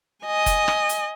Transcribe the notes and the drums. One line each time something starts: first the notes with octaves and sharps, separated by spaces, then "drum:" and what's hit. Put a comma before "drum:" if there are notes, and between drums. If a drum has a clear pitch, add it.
D#5 G#5
drum: kick F1, hi-hat
drum: rim click
drum: hi-hat